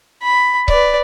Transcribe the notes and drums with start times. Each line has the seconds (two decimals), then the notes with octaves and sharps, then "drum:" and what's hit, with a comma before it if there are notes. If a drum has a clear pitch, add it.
0.22 B5
0.68 B4 D5, drum: kick C#1